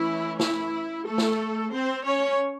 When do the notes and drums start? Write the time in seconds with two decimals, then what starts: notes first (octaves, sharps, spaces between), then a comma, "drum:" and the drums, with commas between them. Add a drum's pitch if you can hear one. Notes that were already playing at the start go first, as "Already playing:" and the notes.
Already playing: E3 A3 C#4 E4
0.39 E4, drum: snare
1.05 A3 A4
1.18 drum: snare
1.72 C4 C5
2.04 C#4 C#5